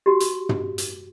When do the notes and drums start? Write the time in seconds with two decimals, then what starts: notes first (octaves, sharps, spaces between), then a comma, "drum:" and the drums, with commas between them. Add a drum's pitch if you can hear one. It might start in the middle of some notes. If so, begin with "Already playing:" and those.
0.06 F#4 G4
0.20 drum: hi-hat
0.49 drum: tom
0.78 drum: hi-hat